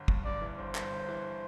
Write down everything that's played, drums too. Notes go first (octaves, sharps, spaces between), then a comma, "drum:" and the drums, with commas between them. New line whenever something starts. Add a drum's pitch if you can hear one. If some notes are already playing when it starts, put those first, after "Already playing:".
Already playing: G1
G2, drum: kick
G1 D5
E3
G1 C5
G2, drum: clap
G1
E3